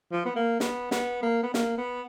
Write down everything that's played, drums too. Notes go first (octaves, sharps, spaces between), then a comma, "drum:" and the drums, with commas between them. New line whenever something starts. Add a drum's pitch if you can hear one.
F3
B3
A#3
B3, drum: snare
B3, drum: snare
A#3
B3
A#3, drum: snare
B3